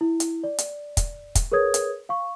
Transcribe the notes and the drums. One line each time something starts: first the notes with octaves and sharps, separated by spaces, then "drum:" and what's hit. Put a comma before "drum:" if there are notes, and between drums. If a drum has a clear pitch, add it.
E4
drum: hi-hat
D5
drum: hi-hat
drum: kick, hi-hat
drum: kick, hi-hat
G#4 A#4 B4 C#5 D#6 G#6
drum: hi-hat
F5 C#6